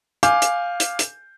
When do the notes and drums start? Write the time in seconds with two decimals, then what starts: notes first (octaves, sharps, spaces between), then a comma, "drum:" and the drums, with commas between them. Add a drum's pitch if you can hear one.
0.23 F5 G#5 D6 G6, drum: hi-hat
0.42 drum: hi-hat
0.80 drum: hi-hat
0.99 drum: hi-hat